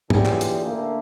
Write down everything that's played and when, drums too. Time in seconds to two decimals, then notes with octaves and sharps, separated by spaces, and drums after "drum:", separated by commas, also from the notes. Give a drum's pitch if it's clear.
0.10 A1 A#2 D3 G4 G#4, drum: tom
0.26 drum: clap
0.41 drum: hi-hat
0.65 D3 A3 A#3